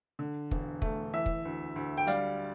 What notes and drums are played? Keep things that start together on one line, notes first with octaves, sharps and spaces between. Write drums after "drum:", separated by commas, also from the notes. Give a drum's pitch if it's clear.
D3
E1, drum: kick
A3, drum: kick
E3 E5
drum: kick
D2
D2
G5
G3 D5 F5, drum: hi-hat